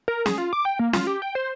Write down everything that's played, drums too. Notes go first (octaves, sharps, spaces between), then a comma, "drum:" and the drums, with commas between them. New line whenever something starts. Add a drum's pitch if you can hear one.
A#4
G#4, drum: snare C#4
F4
D6
G5
A#3
F4, drum: snare C#4
G4
G5
C5